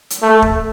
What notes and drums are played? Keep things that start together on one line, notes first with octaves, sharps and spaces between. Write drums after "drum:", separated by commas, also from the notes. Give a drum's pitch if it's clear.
drum: hi-hat
A3
drum: kick